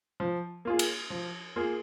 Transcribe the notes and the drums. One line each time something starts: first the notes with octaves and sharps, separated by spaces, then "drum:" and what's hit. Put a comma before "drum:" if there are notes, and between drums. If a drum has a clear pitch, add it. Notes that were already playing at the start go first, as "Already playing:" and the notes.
F3
A#3 F4 G#4
drum: cymbal
F3
A#3 F4 G#4